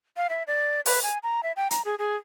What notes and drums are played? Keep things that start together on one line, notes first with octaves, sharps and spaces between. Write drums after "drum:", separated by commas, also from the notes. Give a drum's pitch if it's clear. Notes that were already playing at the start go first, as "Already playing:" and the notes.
F5
E5
D5
B4, drum: open hi-hat
G#5
A#5
E5
G5
A#5, drum: hi-hat
G#4
G#4